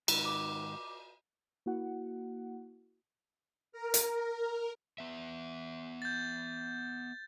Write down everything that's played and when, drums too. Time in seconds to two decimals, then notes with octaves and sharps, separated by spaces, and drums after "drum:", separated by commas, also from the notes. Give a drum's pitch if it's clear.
0.08 G#2 D#3 B4, drum: cymbal
0.25 D6
1.66 A#3 E4 F#4 F#5
3.72 A#4
3.94 drum: hi-hat
4.98 B3 E5
6.02 G6 A6